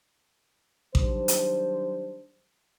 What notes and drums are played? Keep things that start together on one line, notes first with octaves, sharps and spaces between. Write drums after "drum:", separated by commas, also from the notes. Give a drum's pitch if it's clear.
D#3 F#3 G3 D4 C5, drum: kick A1
drum: hi-hat